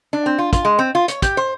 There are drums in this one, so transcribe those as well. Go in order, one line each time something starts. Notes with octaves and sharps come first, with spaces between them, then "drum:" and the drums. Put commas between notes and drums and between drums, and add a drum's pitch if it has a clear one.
D4
C4
F4
F4, drum: kick, hi-hat
G#3
C4
F4
C#5, drum: hi-hat
G4, drum: kick, hi-hat
C5